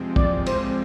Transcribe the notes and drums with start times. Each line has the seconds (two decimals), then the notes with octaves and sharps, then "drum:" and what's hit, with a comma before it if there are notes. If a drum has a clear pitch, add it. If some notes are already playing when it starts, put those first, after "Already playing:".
Already playing: F2 C3 F3 G#3 C4
0.16 D5, drum: kick
0.46 C5, drum: cymbal